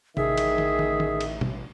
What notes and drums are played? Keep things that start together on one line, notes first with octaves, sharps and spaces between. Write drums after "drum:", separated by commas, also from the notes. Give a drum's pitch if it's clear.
A1 D#3 G#4 E5, drum: tom C3
drum: cymbal
drum: tom
drum: tom
drum: tom
drum: cymbal
drum: tom B2